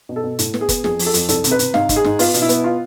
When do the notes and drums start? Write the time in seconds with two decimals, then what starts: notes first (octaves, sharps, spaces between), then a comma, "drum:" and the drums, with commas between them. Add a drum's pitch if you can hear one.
0.09 B2
0.16 A4
0.23 B2
0.39 A2 A4, drum: hi-hat
0.54 B3, drum: snare
0.61 G#4
0.69 B3, drum: kick, hi-hat
0.84 F2 G#4, drum: snare
0.99 F3, drum: open hi-hat
1.06 A4
1.14 F2, drum: hi-hat
1.29 C2 A4, drum: hi-hat
1.44 C3, drum: hi-hat
1.52 B4
1.59 C3, drum: hi-hat
1.74 G#2 F5, drum: snare
1.89 G#2, drum: kick, hi-hat
1.96 G#4
2.04 G#2, drum: snare
2.19 B3 F4, drum: open hi-hat
2.34 B2, drum: hi-hat
2.42 E4
2.49 B3, drum: hi-hat
2.64 F4